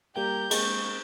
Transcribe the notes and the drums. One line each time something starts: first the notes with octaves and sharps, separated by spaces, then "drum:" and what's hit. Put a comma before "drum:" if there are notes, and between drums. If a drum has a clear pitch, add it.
G3 A#3 G4 A#4 G5 G6
G#3 A#3 C#6, drum: cymbal